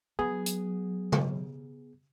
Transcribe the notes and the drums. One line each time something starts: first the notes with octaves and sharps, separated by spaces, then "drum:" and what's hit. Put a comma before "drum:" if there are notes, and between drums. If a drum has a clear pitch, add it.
F#3 B3 G#4
drum: hi-hat
drum: tom C#3